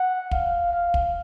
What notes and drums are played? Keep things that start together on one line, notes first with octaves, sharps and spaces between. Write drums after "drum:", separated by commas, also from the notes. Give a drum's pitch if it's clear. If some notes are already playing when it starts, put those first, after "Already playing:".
Already playing: F#5
F5, drum: kick
F5
drum: kick